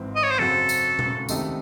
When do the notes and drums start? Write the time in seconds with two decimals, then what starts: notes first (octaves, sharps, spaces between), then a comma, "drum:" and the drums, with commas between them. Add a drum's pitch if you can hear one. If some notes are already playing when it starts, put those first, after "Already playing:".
Already playing: G#1 G#2 E3 C4 E4
0.16 D#5
0.23 C#5
0.31 C5
0.39 F#2 C#3 F#3 C4 F#4 A4
0.69 drum: tambourine
0.99 drum: tom B2
1.29 C#2 C3 D#3 A3 D#4, drum: tambourine